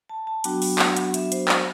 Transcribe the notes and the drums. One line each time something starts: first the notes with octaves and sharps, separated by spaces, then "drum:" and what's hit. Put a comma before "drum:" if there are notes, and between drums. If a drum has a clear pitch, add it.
A5
A5
F#3 B3 D4 F#4 G5, drum: hi-hat
drum: open hi-hat
F#5, drum: clap
drum: hi-hat
E5, drum: hi-hat
C5, drum: hi-hat
C5, drum: clap